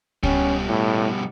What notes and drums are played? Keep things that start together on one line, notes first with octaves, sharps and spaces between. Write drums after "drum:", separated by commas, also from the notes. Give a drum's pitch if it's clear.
B2 G3 C#4, drum: kick C#2
A2